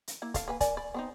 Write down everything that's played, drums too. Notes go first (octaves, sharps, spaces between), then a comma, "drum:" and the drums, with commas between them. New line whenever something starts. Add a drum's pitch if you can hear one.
drum: hi-hat
A#3 E4
A4 F5, drum: kick C#1, hi-hat
A#3 B4 G#5
A#4 D5 G#5, drum: kick C#1, hi-hat
D5 B5
B3 C4 D#4